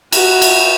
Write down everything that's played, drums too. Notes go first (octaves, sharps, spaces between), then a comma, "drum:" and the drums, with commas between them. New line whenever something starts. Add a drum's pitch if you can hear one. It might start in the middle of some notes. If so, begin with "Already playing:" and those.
F#4, drum: cymbal
drum: cymbal